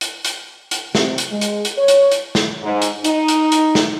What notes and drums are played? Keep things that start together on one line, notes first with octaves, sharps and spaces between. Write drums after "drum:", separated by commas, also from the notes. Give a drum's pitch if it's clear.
drum: hi-hat
drum: hi-hat
drum: hi-hat
C3, drum: snare
drum: hi-hat
G#3
drum: hi-hat
drum: hi-hat
C#5
drum: hi-hat
drum: hi-hat
drum: snare
G#2
drum: hi-hat
D#4, drum: hi-hat
drum: hi-hat
drum: hi-hat
drum: snare